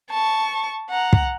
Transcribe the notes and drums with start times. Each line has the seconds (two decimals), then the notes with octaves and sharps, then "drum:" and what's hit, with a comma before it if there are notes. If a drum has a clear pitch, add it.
0.11 A5 C#6
0.90 F#5 A#5
1.13 drum: kick